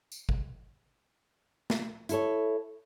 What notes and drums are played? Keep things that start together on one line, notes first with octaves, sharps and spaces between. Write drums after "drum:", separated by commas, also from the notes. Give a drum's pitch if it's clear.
drum: tambourine
drum: kick G1
drum: snare
E4 A4 C#5, drum: hi-hat